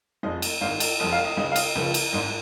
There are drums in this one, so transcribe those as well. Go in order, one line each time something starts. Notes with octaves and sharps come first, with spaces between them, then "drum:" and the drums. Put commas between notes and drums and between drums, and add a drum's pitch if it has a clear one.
F1 F2 F3 G#3 D#5
drum: cymbal
G#1 G#2 D#3 F5
drum: cymbal
F1 F2 F3 G#3 D#5
F5
D#5
C#2 C#3 G#3 D#5
F5
D#5, drum: cymbal
C#2 C#3 F3 A#3
drum: cymbal
G#1 G#2 G#3 D#5